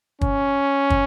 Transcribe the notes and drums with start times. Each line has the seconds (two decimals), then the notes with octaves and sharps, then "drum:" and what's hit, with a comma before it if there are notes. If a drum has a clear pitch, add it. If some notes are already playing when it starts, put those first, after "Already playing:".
0.21 C#4, drum: kick
0.90 drum: kick